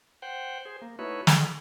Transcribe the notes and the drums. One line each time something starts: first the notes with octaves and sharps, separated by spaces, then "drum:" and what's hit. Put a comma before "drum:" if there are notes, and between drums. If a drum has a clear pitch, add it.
C5 F#5 G5
G#4 C5
A#3
A3 D#4 E4 F#4 B4 C#5
G#4 A4, drum: snare